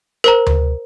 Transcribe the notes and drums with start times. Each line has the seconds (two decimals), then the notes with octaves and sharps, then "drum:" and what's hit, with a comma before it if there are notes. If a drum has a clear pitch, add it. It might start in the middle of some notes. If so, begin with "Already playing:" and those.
0.24 A#4 C5 A#5
0.47 drum: tom D2